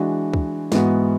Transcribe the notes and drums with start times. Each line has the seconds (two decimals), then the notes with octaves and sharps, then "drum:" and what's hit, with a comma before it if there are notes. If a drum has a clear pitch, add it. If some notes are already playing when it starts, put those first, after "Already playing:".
Already playing: E3 G#3 D4 F#4
0.33 drum: kick
0.72 G#2 E3 B3 F#4, drum: snare